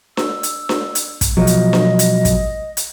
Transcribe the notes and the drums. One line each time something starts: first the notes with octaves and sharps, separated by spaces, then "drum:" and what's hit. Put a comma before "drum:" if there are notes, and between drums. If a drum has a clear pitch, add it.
E6, drum: snare D4
drum: hi-hat
drum: snare D4
drum: hi-hat
drum: kick, hi-hat
B2 F3 F#3 G#3 D#5
drum: hi-hat
drum: snare D4
drum: hi-hat
drum: kick, hi-hat
drum: hi-hat